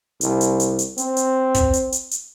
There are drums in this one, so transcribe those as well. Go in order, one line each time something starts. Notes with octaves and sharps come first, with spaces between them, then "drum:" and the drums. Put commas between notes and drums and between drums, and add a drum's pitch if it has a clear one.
C2, drum: hi-hat
drum: hi-hat
drum: hi-hat
drum: hi-hat
C4, drum: hi-hat
drum: hi-hat
drum: kick, hi-hat
drum: hi-hat
drum: hi-hat
drum: hi-hat